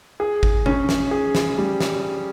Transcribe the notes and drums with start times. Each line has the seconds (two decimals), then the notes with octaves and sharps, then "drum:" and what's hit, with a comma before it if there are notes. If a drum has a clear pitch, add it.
0.20 G#4
0.43 drum: kick G#1
0.66 C#4, drum: tom C3
0.89 drum: snare
1.11 G#4
1.35 drum: snare
1.58 G3
1.81 drum: snare